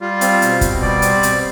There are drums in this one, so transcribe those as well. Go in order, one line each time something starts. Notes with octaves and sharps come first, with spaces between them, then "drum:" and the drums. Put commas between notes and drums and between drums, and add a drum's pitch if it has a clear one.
G3 F4
C4, drum: hi-hat
B2, drum: hi-hat
B2, drum: kick, hi-hat
G3 D5
C4, drum: hi-hat
B2, drum: hi-hat